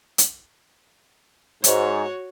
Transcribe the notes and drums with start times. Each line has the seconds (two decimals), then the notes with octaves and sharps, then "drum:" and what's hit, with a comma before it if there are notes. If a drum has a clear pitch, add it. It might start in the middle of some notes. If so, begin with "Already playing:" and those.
0.18 drum: hi-hat
1.64 G#2 F#4 C#5, drum: hi-hat